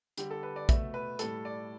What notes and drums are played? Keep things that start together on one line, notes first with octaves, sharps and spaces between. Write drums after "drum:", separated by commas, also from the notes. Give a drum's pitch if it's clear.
D3 G3 G4, drum: hi-hat
A4
B4
D5
B2 A3 E5, drum: kick A#1, hi-hat
B4
A2 G3 A4, drum: hi-hat
D5